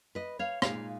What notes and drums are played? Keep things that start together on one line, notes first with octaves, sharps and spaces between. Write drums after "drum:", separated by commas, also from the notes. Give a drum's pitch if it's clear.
B4 D#5
C#5 F5
A#2 G#3 D#4 C#5 F5, drum: rim click